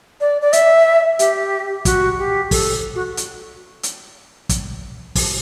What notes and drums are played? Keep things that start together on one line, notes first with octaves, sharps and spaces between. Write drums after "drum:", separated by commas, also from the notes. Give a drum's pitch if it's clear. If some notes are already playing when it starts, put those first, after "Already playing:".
D5
D5
E5, drum: hi-hat
G4, drum: hi-hat
F#4, drum: kick, hi-hat
G4
A4, drum: kick, open hi-hat
F#4
drum: hi-hat
drum: hi-hat
drum: kick, hi-hat
drum: kick, open hi-hat